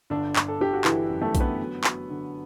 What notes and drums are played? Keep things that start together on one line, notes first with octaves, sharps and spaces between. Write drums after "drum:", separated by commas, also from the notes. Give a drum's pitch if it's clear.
G1 D3 D4
G1, drum: clap
A4
G1 G4
F#4
G1 E3 E4, drum: clap
F#2
A3 A4
D3, drum: kick A#1, hi-hat
B3 B4
F#3
F#3, drum: clap
D3